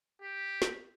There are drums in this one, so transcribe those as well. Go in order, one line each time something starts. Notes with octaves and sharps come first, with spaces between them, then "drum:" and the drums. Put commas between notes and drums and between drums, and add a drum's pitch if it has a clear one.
G4
drum: snare